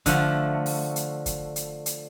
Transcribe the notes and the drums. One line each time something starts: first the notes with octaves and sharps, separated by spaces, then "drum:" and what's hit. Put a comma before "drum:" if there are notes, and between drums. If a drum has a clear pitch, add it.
D3 F3 A3, drum: kick, hi-hat
drum: open hi-hat
drum: hi-hat
drum: kick, hi-hat
drum: hi-hat
drum: hi-hat